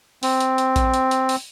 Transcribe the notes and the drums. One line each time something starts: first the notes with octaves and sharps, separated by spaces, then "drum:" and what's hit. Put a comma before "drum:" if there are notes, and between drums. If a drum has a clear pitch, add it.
C4, drum: open hi-hat
drum: hi-hat
drum: hi-hat
drum: kick A#1, hi-hat
drum: hi-hat
drum: hi-hat
drum: open hi-hat